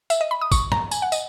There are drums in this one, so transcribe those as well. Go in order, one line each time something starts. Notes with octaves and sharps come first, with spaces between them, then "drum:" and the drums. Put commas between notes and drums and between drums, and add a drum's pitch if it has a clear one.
E5, drum: tambourine
D#5
B5
D#6
C#6, drum: kick, tambourine
A#5, drum: tom
G#5, drum: tambourine
F#5
D#5, drum: tambourine